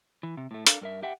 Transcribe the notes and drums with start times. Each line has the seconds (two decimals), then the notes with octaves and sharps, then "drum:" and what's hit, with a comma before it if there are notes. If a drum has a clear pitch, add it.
0.23 E3
0.37 C3
0.51 A2 A3
0.67 D4 A4 A#4 F5, drum: hi-hat
0.81 G2 A#4 E5
1.03 G4 E5 F#5 G5